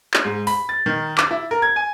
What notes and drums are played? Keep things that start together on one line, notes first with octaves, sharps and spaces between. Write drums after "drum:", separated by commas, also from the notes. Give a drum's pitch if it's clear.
drum: clap
G#2
B5, drum: open hi-hat
A6
D#3
D6, drum: clap
E4
A#4
G#6
G#5